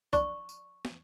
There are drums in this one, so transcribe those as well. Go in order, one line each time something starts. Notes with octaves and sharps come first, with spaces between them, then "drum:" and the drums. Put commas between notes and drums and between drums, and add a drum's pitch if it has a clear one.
D4 C#6, drum: kick B1, tambourine
drum: tambourine
drum: snare